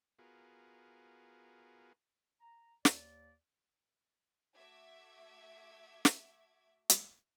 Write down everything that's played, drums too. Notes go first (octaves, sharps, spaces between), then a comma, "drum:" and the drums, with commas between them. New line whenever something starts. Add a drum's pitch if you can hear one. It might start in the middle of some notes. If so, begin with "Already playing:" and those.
B3 F4 F#4 G#4 A#4
A#5
D#2 D5, drum: snare
A3 F#4 E5 D6 G#6
drum: snare
drum: hi-hat